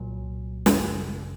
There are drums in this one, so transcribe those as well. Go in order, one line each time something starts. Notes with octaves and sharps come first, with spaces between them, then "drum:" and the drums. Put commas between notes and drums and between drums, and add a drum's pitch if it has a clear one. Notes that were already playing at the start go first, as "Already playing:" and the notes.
Already playing: C2 A#2 F#3
G#1 F#2 C#3, drum: snare